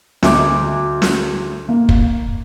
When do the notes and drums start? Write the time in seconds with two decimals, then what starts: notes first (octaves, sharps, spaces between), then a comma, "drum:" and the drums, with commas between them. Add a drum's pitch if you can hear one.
0.23 D2 D#5 D6, drum: snare
1.02 drum: snare
1.69 A#3
1.89 drum: kick